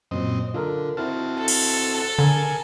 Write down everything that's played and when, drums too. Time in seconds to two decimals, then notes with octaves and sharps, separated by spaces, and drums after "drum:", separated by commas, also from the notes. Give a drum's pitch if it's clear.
0.11 F#2 A#2 F#3 C4 D#5
0.54 D3 F4 A4 A#4
0.97 C4 E4 F#4 A5 F6
1.39 A4
1.48 drum: cymbal
2.19 D3 G#4 A#4 G#5